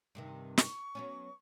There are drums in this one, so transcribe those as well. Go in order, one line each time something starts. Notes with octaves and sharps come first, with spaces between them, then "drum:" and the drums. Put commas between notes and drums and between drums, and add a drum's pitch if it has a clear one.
G2 C3 D#3
C#6, drum: snare
F#3 B3 C#4